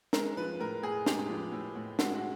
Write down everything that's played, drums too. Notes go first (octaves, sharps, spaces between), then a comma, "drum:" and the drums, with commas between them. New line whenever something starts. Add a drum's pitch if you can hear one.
G#3 A#4, drum: snare
F3 B4
A2 A#4
A2 G#4
G#3 G4, drum: snare
F3
A2
A2
G#3 F#4, drum: snare
F#4